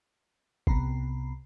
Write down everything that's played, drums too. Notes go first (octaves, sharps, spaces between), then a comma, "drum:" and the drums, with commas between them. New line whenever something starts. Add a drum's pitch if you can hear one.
C2 C3 B3 A#5 B5 C7, drum: kick